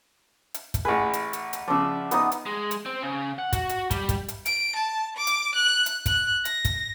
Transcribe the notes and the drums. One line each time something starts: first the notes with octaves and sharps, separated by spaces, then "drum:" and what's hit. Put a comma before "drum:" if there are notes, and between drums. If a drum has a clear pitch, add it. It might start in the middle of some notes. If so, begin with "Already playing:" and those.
drum: hi-hat
drum: kick, hi-hat
A1 G#4 B4 F#5 G#5
drum: hi-hat
drum: hi-hat
drum: hi-hat
C#3 F3 D5 E5
B3 D#4 D#6, drum: hi-hat
drum: hi-hat
G#3
drum: hi-hat
C4
C#3
F#5
F#4, drum: kick, hi-hat
drum: hi-hat
G3, drum: kick, hi-hat
drum: kick, hi-hat
drum: hi-hat
D7, drum: hi-hat
A5
D6
drum: hi-hat
F#6
drum: hi-hat
F#6, drum: kick, hi-hat
A#6, drum: hi-hat
drum: kick, hi-hat